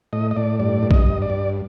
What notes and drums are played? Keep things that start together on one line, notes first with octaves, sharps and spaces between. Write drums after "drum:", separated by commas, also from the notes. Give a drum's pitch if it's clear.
A2 D#5
D#5
A2 D5
G2 D5
G2
D#5, drum: kick A#1
G2
D5
G2